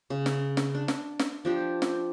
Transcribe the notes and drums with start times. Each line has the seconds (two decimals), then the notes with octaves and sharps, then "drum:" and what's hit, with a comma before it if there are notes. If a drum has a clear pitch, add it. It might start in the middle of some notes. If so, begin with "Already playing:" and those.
0.10 C#3
0.26 drum: snare
0.57 drum: snare
0.75 D4
0.88 drum: snare
1.19 drum: snare
1.45 F3 D4 G4
1.82 drum: snare